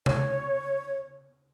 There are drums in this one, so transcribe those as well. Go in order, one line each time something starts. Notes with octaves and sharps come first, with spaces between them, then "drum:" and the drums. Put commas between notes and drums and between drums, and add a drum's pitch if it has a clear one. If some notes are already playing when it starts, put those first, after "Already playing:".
C#5, drum: tom C3